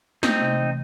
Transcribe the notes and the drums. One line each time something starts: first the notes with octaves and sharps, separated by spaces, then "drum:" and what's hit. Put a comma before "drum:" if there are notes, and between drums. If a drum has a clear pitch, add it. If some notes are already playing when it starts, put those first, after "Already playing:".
A3 C4 D#4, drum: snare
C3
E3